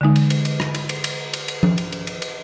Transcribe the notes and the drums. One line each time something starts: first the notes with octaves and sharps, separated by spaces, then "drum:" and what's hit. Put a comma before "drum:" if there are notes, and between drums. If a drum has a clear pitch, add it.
D3 E3 G#3 D#4
drum: cymbal
drum: cymbal
drum: cymbal
drum: rim click
drum: cymbal
drum: cymbal
drum: cymbal
drum: cymbal
drum: cymbal
drum: tom F3
drum: cymbal
drum: cymbal
drum: cymbal
drum: cymbal